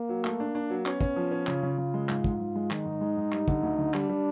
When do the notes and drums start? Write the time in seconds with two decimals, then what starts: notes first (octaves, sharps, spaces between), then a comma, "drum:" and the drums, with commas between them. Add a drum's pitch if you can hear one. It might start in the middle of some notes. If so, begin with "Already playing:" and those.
Already playing: A#3
0.09 F#3
0.24 A3, drum: clap
0.40 D4
0.55 D4
0.70 F#3
0.86 B3 C#4, drum: clap
1.01 C#4, drum: kick
1.16 F3
1.31 C#4
1.47 C#3 F4, drum: clap
1.63 C#3
1.78 C#3
1.94 G#3
2.09 G#2, drum: clap
2.24 G#2, drum: kick
2.40 G#2
2.56 G#3
2.71 D#3 D#4, drum: clap
2.85 G#2
3.01 G#3
3.17 G#2
3.32 G3, drum: clap
3.48 D3, drum: kick
3.63 D2
3.78 D3
3.94 G3 D4, drum: clap
4.09 G3